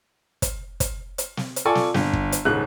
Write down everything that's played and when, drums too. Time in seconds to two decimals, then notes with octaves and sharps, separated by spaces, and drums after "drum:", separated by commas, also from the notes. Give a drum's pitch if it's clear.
0.42 drum: kick, hi-hat
0.80 drum: kick, hi-hat
1.18 drum: hi-hat
1.37 drum: snare
1.56 drum: hi-hat
1.65 F4 A4 D5 G#5 C#6
1.75 drum: snare
1.94 G1, drum: snare
2.13 drum: kick
2.32 drum: hi-hat
2.45 D#1 G#2 C#3 F#6